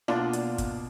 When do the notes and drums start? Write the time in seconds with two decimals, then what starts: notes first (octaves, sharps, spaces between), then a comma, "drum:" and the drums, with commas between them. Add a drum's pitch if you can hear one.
0.08 B2 A#3 D4 F4, drum: rim click
0.33 drum: hi-hat
0.58 drum: kick, hi-hat